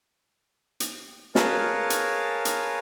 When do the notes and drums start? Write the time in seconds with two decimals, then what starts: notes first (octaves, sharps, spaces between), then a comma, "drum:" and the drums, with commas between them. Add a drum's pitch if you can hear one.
0.80 drum: hi-hat
1.35 G#4 A#4 B4 C#5 F5 A5, drum: snare
1.90 drum: hi-hat
2.45 drum: hi-hat